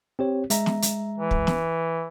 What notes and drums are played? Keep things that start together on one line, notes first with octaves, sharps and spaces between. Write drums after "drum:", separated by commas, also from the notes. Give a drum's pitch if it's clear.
C4 G4 C#5
G#3 E5 A#5, drum: hi-hat
drum: snare
drum: hi-hat
E3
drum: kick
drum: snare